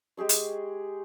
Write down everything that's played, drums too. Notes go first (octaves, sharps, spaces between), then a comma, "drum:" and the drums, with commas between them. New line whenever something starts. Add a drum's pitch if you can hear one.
G#3 G4 G#4 C#6
drum: hi-hat